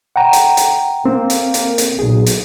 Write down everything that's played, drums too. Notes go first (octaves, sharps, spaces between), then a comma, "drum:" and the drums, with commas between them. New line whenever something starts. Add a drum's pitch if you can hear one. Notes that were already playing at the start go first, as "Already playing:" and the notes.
F#5 G5 A#5
drum: hi-hat
drum: hi-hat
A#3 C4
drum: hi-hat
drum: hi-hat
drum: hi-hat
B1 A#2 G#4
drum: hi-hat